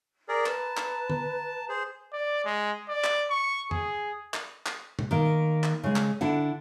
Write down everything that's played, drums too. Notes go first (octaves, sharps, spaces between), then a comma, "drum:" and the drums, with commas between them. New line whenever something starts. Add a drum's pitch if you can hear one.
G#4 A#4 D5
B4 A5 A#5, drum: clap
drum: clap
drum: tom
G#4 C5
D5
G#3
D5
drum: clap
C#6
G#4, drum: tom F2
drum: clap
drum: clap
drum: tom B2
D#3 A#3
drum: clap
C#3 G#3
drum: clap
D3 D4 E4 F#5